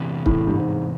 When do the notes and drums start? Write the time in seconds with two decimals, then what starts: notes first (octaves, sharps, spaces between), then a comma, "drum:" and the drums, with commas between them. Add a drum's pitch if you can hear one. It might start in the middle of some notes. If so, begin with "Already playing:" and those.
Already playing: E2 C3 E3 G3
0.26 A2, drum: kick C#1
0.47 G2
0.56 G#2